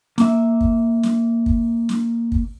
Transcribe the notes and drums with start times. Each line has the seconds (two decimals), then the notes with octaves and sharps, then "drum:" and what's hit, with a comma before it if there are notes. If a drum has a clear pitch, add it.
0.18 A#3 E5, drum: snare
0.61 drum: kick
1.03 drum: snare
1.46 drum: kick
1.89 drum: snare
2.32 drum: kick